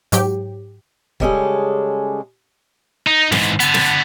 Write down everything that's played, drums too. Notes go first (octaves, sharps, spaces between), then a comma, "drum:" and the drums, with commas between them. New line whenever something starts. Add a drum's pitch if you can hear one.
G#2 F#3 G4, drum: hi-hat
C#3 G3 G#3 C#4 G#4 A4, drum: kick
D#4
G#2 E3, drum: snare
D3 B3, drum: hi-hat
drum: snare